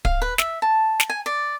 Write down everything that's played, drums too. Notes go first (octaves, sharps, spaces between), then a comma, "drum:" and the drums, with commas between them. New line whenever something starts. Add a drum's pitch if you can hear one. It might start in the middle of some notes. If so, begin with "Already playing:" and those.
F5, drum: kick D1
B4
E5, drum: snare
A5
drum: snare
G#5
D5